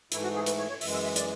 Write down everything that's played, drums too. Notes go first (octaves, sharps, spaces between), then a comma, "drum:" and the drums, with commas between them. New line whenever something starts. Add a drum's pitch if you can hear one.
G#2 E3 A3 E4, drum: hi-hat
F#4
G#4
B4, drum: hi-hat
C#5
C#5
F#2 E3 G#3 E5, drum: open hi-hat
E5
E5
D5, drum: hi-hat